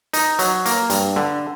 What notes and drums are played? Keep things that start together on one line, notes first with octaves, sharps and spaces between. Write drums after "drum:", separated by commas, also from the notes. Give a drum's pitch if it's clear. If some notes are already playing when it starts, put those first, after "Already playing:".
D#4, drum: hi-hat
F#3, drum: hi-hat
A#3, drum: hi-hat
G2, drum: hi-hat
D3, drum: rim click